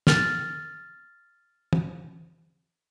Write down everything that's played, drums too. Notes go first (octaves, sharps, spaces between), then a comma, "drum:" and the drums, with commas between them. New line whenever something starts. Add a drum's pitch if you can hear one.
F6 A6, drum: snare
drum: tom